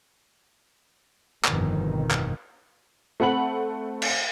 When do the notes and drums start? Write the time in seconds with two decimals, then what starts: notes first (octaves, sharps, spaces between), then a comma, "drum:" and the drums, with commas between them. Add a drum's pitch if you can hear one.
1.45 G1 F2 B2 D#3, drum: clap
2.11 drum: clap
3.20 A3 C4 F#5 B5 F#7
4.02 drum: cymbal